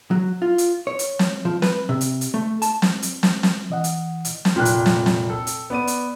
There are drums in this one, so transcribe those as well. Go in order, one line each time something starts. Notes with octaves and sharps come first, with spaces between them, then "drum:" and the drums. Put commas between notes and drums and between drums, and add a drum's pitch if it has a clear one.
F#3
F4
drum: hi-hat
C#5
drum: hi-hat
drum: snare
F3
B4, drum: snare
C3
drum: hi-hat
drum: hi-hat
A3
A5, drum: hi-hat
drum: snare
drum: hi-hat
drum: snare
drum: snare
E3 D#5 F#5
drum: hi-hat
drum: hi-hat
drum: snare
F1 E2 A#2 G5 F#6
drum: hi-hat
drum: snare
drum: snare
A4
drum: hi-hat
B3 D5 D#7
drum: hi-hat